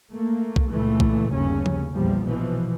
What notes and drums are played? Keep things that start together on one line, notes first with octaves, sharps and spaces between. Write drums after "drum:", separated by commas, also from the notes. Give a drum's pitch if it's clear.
A3 A#3
drum: kick C2
C#2 A#2 E3 A3
drum: kick C2
G1 D#2 C#3 C#4
drum: tom F3
A#1 E2 F3 G3
B2 E3 F3